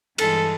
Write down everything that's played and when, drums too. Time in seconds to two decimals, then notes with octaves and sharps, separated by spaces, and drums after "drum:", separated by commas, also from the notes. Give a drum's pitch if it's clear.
0.18 G2 E3 G#3 A4, drum: cymbal